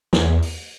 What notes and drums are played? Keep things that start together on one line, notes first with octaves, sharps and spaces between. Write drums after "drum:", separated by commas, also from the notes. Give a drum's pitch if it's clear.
E2, drum: snare
drum: open hi-hat